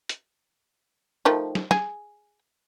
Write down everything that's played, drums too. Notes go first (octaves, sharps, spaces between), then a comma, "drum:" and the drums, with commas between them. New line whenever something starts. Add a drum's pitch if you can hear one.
drum: hi-hat
D#3 F3 A3
drum: snare
G#4, drum: snare